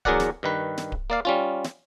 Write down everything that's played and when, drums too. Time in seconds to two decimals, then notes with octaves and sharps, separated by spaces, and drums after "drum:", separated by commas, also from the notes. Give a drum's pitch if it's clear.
0.05 E2 F#3 G#4 A#4 D5 F#5, drum: kick D1
0.20 drum: snare
0.43 G2 D#3 B4
0.78 drum: snare
0.92 drum: kick D1
1.10 A#3 D5 F5
1.25 G3 C#4 F4
1.64 drum: snare